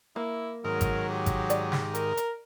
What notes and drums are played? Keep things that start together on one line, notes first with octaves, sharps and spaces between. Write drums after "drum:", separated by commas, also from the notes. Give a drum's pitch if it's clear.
A#3 E4
G#2 D#3 F#3 A#4
drum: kick G#1, hi-hat
G4
drum: kick G#1, hi-hat
D5, drum: hi-hat
drum: snare
A#4, drum: hi-hat
drum: hi-hat